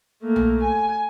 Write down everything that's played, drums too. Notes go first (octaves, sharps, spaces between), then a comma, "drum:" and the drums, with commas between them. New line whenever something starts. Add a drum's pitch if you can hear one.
A3 A#3
drum: tom B1
G#5